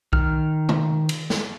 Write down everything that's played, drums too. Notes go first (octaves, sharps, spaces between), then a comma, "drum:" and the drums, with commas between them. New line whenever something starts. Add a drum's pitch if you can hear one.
D#3 F6, drum: kick B1
drum: tom
drum: cymbal
drum: snare